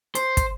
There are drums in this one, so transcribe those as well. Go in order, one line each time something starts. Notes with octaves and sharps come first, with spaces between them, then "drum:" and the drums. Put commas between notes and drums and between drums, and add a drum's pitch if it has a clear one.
C5, drum: hi-hat
drum: kick, hi-hat